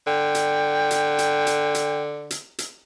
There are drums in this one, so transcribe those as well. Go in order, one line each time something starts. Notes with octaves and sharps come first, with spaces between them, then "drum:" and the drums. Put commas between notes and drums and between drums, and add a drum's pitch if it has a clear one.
D3 G5
drum: hi-hat
drum: hi-hat
drum: hi-hat
drum: hi-hat
drum: hi-hat
drum: hi-hat
drum: hi-hat